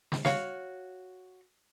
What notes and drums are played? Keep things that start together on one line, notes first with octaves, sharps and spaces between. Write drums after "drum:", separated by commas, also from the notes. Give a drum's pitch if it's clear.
drum: snare
F#4 C#5 F5, drum: snare